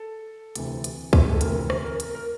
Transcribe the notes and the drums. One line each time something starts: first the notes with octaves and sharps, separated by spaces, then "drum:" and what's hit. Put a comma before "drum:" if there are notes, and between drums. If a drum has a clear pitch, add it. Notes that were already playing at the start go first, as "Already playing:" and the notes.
Already playing: A4
D2 C3 E3, drum: hi-hat
drum: hi-hat
drum: kick
A4
D2 C3 E3 A#4, drum: hi-hat
drum: rim click
A#4
A#4, drum: hi-hat
A#4